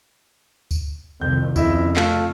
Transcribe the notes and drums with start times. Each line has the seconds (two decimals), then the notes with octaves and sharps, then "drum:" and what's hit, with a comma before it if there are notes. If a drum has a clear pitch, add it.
0.71 drum: kick C#2, tambourine
1.21 C2 F2 D#3 G6
1.56 F2 C#3 E4 D#5 E5, drum: kick C#2, tambourine
1.96 A3 F4 A4, drum: clap